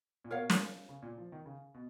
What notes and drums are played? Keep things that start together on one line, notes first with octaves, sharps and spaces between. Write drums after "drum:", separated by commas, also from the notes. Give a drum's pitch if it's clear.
A#2
B2 A#4 C#5 F5
drum: snare
C#3
A#2
F3
D#3
C#3
B2